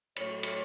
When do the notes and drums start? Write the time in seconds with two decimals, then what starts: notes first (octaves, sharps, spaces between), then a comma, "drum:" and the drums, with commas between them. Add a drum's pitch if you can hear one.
0.16 A2 F#3 A3 C#5, drum: cymbal
0.43 drum: cymbal